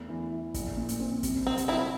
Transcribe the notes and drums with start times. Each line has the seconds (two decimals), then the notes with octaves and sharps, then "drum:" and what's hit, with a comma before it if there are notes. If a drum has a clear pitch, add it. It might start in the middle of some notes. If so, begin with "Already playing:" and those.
Already playing: E2 A3
0.08 E3
0.31 E4
0.54 A#1, drum: kick, hi-hat
0.77 A#2
0.89 drum: hi-hat
0.99 C4
1.23 C3, drum: kick, hi-hat
1.45 G3 C4
1.57 drum: hi-hat
1.68 C4 E4 F4